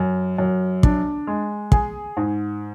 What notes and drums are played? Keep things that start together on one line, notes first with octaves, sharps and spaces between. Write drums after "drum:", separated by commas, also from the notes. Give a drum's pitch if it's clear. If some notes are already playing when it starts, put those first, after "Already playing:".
Already playing: F#2
F#2
D4, drum: kick
G#3
G#4, drum: kick
G#2